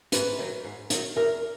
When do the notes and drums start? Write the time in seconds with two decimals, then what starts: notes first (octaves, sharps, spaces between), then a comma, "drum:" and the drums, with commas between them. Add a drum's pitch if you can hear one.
0.12 G#2 B4, drum: hi-hat
0.39 D#3 F#3
0.64 G#2
0.90 D#3 F#3, drum: hi-hat
1.16 E2 A#4